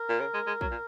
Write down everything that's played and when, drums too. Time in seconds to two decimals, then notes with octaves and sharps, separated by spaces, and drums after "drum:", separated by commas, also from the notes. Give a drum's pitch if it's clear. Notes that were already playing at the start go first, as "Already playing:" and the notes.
Already playing: A#4
0.09 A#2
0.20 C#3
0.34 G#3
0.47 G#3
0.61 F#3, drum: kick
0.71 A#2